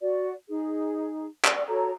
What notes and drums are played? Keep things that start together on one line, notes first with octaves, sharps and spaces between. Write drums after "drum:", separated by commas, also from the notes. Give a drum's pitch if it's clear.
F#4 D5
D#4 G#4
D5, drum: clap
F#4 A4 C#5 A#5